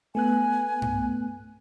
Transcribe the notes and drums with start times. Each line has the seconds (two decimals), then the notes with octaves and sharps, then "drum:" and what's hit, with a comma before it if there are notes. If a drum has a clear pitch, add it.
0.15 A3 B3 G#5 F#6
0.82 drum: tom G2